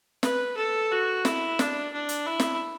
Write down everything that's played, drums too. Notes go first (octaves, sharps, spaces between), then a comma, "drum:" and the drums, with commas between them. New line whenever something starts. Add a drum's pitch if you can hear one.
B4, drum: snare
A4
F#4
E4, drum: snare
D4, drum: snare
D4
drum: hi-hat
E4
drum: snare